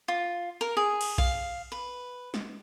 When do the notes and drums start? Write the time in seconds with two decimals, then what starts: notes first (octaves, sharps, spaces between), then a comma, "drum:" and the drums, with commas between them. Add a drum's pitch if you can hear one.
0.08 F4
0.61 A#4
0.77 G#4
1.01 drum: cymbal
1.18 F5, drum: kick A#1
1.72 B4
2.34 drum: snare